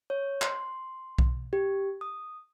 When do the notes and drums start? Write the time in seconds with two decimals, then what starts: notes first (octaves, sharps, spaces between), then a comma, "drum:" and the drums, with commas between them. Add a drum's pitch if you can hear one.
0.10 C#5
0.41 C6, drum: clap
1.19 drum: kick B1
1.53 G4
2.01 D#6